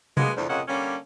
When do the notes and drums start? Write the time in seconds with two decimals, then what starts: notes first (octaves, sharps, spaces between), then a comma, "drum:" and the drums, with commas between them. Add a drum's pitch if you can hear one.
0.17 B2 G#3 A#3 B3, drum: tom C3
0.37 E2 D3 F3
0.49 F2 A#2 C#3 C#4 D#5 F#5
0.68 D3 G3 A#3 C#4